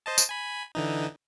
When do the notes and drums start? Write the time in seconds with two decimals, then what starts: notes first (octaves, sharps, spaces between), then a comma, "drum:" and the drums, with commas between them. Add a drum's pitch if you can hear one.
0.06 C5 D#5 A5
0.18 drum: tambourine
0.29 G#5 B5
0.75 D3 E3 D#4